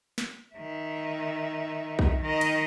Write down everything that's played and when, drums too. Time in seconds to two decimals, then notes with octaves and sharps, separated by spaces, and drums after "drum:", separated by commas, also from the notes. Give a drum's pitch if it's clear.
0.18 drum: snare
0.54 D#3 E5
1.99 drum: kick
2.21 D#3 D#5
2.41 drum: cymbal